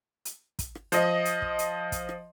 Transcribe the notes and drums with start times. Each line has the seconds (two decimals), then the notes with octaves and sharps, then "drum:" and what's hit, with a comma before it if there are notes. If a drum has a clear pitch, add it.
0.25 drum: hi-hat
0.59 drum: kick, hi-hat
0.75 drum: rim click
0.92 F3 D#5, drum: hi-hat
1.25 drum: hi-hat
1.42 drum: kick
1.59 drum: hi-hat
1.92 drum: kick, hi-hat
2.09 drum: rim click